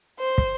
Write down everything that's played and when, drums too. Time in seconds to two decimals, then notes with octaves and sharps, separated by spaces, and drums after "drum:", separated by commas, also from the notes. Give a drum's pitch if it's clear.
0.20 C5
0.38 drum: kick